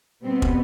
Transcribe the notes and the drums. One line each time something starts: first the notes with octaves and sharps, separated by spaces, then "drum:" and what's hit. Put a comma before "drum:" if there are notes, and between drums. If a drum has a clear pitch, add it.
B2 G3 B3 C4
drum: kick